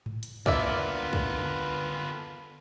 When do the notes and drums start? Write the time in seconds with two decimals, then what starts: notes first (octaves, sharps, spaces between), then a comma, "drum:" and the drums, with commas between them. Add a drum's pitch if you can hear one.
0.06 drum: tom G#2
0.23 drum: hi-hat
0.46 D3 A#3 B3 F4 B4 D5 E5, drum: kick
1.13 drum: kick